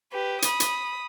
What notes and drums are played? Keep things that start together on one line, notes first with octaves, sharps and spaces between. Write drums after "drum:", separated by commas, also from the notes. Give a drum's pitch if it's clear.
G4 B4
B5 D#6, drum: hi-hat
drum: hi-hat